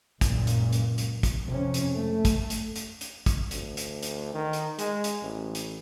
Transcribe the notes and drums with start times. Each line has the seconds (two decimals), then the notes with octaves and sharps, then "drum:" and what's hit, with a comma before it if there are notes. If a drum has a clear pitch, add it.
0.21 F#1 C#2 A#2, drum: kick, hi-hat
0.47 drum: hi-hat
0.73 drum: hi-hat
0.98 drum: hi-hat
1.23 drum: kick, hi-hat
1.45 F2 C3 C#4
1.74 drum: hi-hat
1.95 A3
2.25 drum: kick, hi-hat
2.50 drum: hi-hat
2.76 drum: hi-hat
3.01 drum: hi-hat
3.26 drum: kick, hi-hat
3.51 D2, drum: hi-hat
3.77 drum: hi-hat
4.03 drum: hi-hat
4.34 D#3
4.53 drum: hi-hat
4.79 G#3, drum: hi-hat
5.04 drum: hi-hat
5.22 A1
5.55 drum: hi-hat